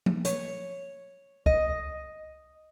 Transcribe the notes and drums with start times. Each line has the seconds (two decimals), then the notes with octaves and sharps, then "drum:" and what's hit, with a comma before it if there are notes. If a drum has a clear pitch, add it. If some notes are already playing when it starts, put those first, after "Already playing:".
0.06 drum: tom F3
0.25 C#5, drum: hi-hat
1.46 D#5, drum: kick C#2